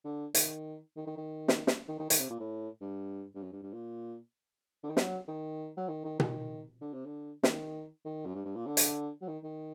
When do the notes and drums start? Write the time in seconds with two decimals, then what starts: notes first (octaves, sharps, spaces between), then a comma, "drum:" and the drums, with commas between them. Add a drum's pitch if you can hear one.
0.05 D3
0.35 D#3, drum: hi-hat
0.97 D#3
1.07 D#3
1.17 D#3
1.48 drum: snare
1.67 drum: snare
1.88 D#3
1.99 D#3
2.10 D#3, drum: hi-hat
2.20 C3
2.30 A#2
2.40 A2
2.81 G2
3.35 G2
3.43 F#2
3.53 G2
3.63 G2
3.73 A#2
4.83 D3
4.90 D#3
4.97 F#3, drum: snare
5.28 D#3
5.77 F#3
5.89 D#3
6.05 D#3
6.20 D#3, drum: tom B2
6.81 D3
6.93 C3
7.05 D3
7.43 D#3, drum: snare
8.05 D#3
8.26 F#2
8.35 G2
8.45 G2
8.56 A#2
8.66 D3
8.77 drum: hi-hat
9.22 F#3
9.28 D#3
9.44 D#3